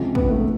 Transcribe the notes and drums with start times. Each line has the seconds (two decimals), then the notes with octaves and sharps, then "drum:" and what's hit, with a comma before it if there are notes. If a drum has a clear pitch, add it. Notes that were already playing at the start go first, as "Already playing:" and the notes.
Already playing: C#2 C3 F3 G#3
0.15 B3, drum: kick
0.30 A3